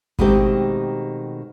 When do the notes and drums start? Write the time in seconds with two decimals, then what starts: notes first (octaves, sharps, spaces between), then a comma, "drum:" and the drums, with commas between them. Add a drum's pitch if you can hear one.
0.19 B2 D#3 G#3 A3 C4 G4, drum: kick G#1